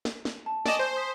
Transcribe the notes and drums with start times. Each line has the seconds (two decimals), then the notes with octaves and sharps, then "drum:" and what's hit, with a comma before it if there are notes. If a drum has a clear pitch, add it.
0.05 drum: snare
0.25 drum: snare
0.46 A5
0.66 D5 D#5 G#5 C#6 E7, drum: snare
0.79 C5 G6
0.97 D#6 B6